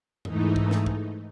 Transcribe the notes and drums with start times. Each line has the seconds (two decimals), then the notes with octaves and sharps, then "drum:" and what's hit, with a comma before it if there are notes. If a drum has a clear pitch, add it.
0.25 G#2 E3 A3 D#4, drum: tom E2
0.56 drum: kick
0.71 drum: snare
0.86 drum: kick